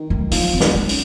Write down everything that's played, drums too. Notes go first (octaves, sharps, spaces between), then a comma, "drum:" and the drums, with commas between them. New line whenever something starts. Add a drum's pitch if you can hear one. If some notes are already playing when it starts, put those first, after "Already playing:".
Already playing: D#3
A3
F3 A#3, drum: open hi-hat
C4
D#3, drum: snare
A#3
C#3, drum: open hi-hat